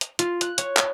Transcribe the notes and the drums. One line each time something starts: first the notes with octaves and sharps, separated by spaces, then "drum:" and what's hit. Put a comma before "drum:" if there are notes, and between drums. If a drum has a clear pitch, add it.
drum: hi-hat
F4, drum: hi-hat
F#6, drum: hi-hat
C#5, drum: hi-hat
drum: clap